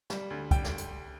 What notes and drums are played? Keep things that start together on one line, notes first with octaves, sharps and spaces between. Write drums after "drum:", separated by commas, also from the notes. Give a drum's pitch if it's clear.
G3, drum: snare
D2
G3 G5, drum: kick, hi-hat
drum: snare
drum: hi-hat